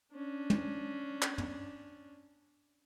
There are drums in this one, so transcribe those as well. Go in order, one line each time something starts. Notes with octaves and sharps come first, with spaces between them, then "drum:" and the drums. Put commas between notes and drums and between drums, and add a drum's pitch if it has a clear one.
C#4 D4
drum: tom
drum: clap
drum: tom